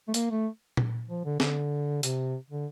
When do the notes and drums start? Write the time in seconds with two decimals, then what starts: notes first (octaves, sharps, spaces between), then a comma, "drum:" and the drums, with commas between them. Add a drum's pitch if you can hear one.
0.08 A3
0.14 A#3, drum: hi-hat
0.31 A3
0.77 drum: tom A#2
1.08 F3
1.25 D3
1.40 D3, drum: snare
2.03 C3, drum: hi-hat
2.50 D3